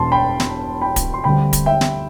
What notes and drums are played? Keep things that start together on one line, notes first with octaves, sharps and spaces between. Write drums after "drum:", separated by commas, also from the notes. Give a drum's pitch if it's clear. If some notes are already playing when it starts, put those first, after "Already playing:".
Already playing: E1 E2 B2 A5 C6
G5 B5
drum: snare
G5 B5
drum: kick D1, hi-hat
C6
D2 D3 G3 C4 G5 B5
drum: kick D1, hi-hat
E5 G5
drum: snare